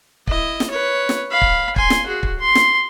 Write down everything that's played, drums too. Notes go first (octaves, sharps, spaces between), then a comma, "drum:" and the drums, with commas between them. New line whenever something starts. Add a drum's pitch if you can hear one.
E4 D#5, drum: kick
drum: snare
B4 C#5
drum: snare
F5 B5
drum: kick
G#5 C6, drum: kick
drum: snare
F#4 G#4
drum: kick
C6
drum: snare